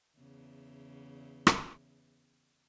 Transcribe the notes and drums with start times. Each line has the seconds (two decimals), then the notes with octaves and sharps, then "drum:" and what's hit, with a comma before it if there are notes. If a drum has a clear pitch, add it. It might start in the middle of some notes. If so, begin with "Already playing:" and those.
0.18 E2 C#3
1.47 drum: rim click